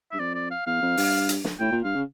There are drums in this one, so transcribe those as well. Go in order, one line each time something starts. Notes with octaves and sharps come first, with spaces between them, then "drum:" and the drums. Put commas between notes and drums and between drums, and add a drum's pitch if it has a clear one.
G2 E5
F2 D5
D5
F5
E2 F5
F2
G2, drum: open hi-hat
drum: hi-hat
drum: snare
A2 G5
A#2
G2 F5
C#3